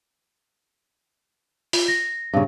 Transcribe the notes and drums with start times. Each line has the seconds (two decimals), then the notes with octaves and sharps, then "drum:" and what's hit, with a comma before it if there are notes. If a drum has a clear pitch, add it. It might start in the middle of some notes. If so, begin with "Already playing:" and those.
1.73 F4, drum: open hi-hat
1.88 A#6
2.33 G2 C#3